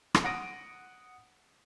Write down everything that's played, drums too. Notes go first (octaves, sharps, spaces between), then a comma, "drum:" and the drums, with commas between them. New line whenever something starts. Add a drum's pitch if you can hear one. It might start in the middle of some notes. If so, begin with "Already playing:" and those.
drum: rim click
F#5 D#6 A#6 D7 D#7